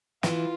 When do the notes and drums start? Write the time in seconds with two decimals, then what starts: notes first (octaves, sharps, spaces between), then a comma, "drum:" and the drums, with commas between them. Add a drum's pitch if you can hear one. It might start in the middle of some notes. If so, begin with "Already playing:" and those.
0.23 E3 F4, drum: snare